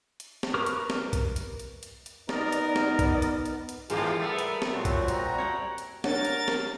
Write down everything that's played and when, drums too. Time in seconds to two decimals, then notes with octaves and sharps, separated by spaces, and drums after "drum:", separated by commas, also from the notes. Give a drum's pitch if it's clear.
0.20 drum: hi-hat
0.43 drum: snare
0.54 A#4 B4 C#6 D6 F6
0.66 drum: hi-hat
0.90 drum: snare
1.13 drum: kick, hi-hat
1.36 drum: hi-hat
1.59 drum: hi-hat
1.83 drum: hi-hat
2.06 drum: hi-hat
2.29 B3 D#4 A#4 D5 D#5, drum: snare
2.52 drum: hi-hat
2.76 drum: snare
2.99 drum: kick, hi-hat
3.22 drum: hi-hat
3.46 drum: hi-hat
3.69 drum: hi-hat
3.90 E2 G#2 G#3 F4 G4 A#4, drum: hi-hat
4.20 A2 G3 A3 B3 A#4 E5
4.39 drum: hi-hat
4.62 drum: snare
4.74 A#2 C4 F#4 C#5 C6
4.85 drum: kick, hi-hat
5.08 F#3 G3 A#5, drum: hi-hat
5.38 C#5 F#5 G5
5.78 drum: hi-hat
6.04 D4 A#4 C#5 F#5 A6, drum: snare
6.25 drum: hi-hat
6.48 drum: snare